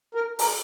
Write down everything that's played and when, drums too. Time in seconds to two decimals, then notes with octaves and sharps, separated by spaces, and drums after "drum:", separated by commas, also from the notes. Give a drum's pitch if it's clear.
0.15 A#4
0.39 A#4, drum: open hi-hat